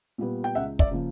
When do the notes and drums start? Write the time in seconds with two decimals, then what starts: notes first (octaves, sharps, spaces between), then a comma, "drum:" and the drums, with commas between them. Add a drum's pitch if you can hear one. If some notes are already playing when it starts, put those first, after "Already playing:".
0.18 A#2 G3 B3
0.44 G5
0.55 C#2 E5 F#5
0.79 D5 E5, drum: kick
0.91 C#3 F3 A#3